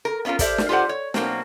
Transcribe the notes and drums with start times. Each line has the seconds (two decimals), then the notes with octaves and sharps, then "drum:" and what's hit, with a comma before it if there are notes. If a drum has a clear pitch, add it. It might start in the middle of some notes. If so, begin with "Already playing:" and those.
0.05 A#4
0.25 B3 C#4 E4 F4 A#4
0.39 G4 A4 A#4 C5 D5 E5, drum: kick, hi-hat
0.58 drum: snare
0.69 F4 G4 A4 C5 D5 F#5
0.89 C#5
1.14 B2 F#3 A#3 C4, drum: snare